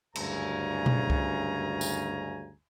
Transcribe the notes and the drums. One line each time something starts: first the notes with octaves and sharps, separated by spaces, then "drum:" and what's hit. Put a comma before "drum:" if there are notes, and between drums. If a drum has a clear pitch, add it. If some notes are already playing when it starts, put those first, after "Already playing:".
F#1 D2 G2 C#3 G#5 A#5, drum: cymbal
drum: tom B2
drum: kick C2
drum: tambourine